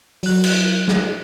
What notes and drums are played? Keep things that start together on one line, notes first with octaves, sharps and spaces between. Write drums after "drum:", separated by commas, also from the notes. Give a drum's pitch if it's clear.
F#3 F#6, drum: open hi-hat
drum: cymbal
drum: snare